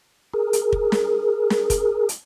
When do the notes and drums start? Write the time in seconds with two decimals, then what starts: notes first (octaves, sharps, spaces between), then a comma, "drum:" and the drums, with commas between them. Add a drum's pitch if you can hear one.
0.34 G#4 A#4
0.53 drum: hi-hat
0.72 drum: kick
0.92 drum: snare
1.50 drum: snare
1.70 drum: kick, hi-hat
2.09 drum: hi-hat